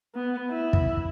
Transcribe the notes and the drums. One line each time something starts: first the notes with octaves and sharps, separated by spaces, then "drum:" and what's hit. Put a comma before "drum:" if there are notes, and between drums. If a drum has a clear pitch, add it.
B3
E4
drum: kick